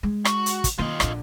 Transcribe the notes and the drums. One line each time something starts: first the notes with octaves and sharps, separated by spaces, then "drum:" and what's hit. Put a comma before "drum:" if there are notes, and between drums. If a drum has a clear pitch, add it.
G#3
F#4, drum: rim click
drum: hi-hat
drum: kick, hi-hat
D#3 A#3 F4 D#5
A#1 D3, drum: rim click